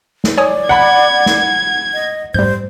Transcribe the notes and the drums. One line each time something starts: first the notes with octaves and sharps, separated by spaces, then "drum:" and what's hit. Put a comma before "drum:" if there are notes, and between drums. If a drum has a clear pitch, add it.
drum: snare
C#5 D5 G#5 D#6
F#5 B5 G#6
drum: snare
D#5
G3 C5 G6, drum: tom G#2